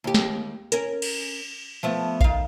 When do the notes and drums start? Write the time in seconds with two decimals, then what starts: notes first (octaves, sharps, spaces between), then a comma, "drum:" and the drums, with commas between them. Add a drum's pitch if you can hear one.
0.04 D#2 G4
0.14 drum: snare
0.72 C#4 A#4, drum: hi-hat
1.02 drum: cymbal
1.83 F3 A3 B3
2.21 D#3 F5, drum: kick A#1